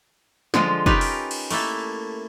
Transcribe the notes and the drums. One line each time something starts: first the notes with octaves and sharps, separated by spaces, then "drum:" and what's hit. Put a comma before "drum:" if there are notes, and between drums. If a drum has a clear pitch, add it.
D3 F3 G#3 F4, drum: snare
C#4 D#4 F4 G4 A#4 B4, drum: kick
drum: open hi-hat
drum: cymbal
A3 A#3 E4 A4, drum: open hi-hat